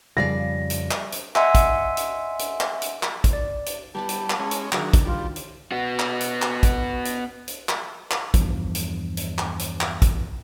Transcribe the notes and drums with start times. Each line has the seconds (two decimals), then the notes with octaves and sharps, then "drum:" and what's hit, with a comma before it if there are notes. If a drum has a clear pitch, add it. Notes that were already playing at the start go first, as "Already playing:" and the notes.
0.17 F2 C#3 G3 D5 F5 A#6
0.70 drum: hi-hat
0.91 drum: clap
1.12 drum: hi-hat
1.35 D#5 E5 F#5 G#5 C6 E6, drum: clap
1.55 drum: kick, hi-hat
1.97 drum: hi-hat
2.39 drum: hi-hat
2.61 drum: clap
2.82 drum: hi-hat
3.03 drum: clap
3.24 drum: kick, hi-hat
3.33 D5
3.66 drum: hi-hat
3.95 G3 B3 E4 F#5 A5
4.09 drum: hi-hat
4.30 drum: clap
4.40 G#3 C#4
4.51 drum: hi-hat
4.72 D#3 F#3 D4 F#4 G#4, drum: clap
4.93 drum: kick, hi-hat
5.05 G3 F4
5.36 drum: hi-hat
5.72 B3 F#4
5.99 drum: clap
6.21 drum: hi-hat
6.42 drum: clap
6.63 drum: kick, hi-hat
7.05 drum: hi-hat
7.48 drum: hi-hat
7.69 drum: clap
8.11 drum: clap
8.34 E2 G2 F3, drum: kick, hi-hat
8.75 drum: hi-hat
9.17 drum: hi-hat
9.38 drum: clap
9.59 drum: hi-hat
9.81 drum: clap
10.02 drum: kick, hi-hat